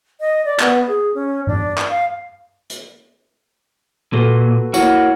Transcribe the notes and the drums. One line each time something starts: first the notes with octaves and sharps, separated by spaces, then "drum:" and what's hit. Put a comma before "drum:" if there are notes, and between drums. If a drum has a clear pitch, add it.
D#5
D5
B3, drum: clap
G#4
C#4
D4, drum: tom G2
drum: clap
F5
drum: hi-hat
A#2 F#4 A4 B4
A#3 E4 F#4 C#5 F#5, drum: tambourine